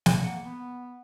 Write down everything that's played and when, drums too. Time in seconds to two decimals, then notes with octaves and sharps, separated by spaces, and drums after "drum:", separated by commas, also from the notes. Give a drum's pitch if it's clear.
0.06 drum: snare
0.23 A#3 F#5
0.44 B3